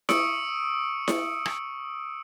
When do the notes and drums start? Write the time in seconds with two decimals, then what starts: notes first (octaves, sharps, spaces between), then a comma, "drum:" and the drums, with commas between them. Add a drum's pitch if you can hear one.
0.09 C#6 D#6 E6 C#7 D7, drum: snare E4
1.08 drum: snare E4
1.46 drum: rim click